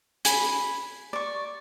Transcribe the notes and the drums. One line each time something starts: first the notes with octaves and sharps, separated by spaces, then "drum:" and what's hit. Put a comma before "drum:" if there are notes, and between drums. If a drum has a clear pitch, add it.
G#5 B5, drum: hi-hat
D5 C#6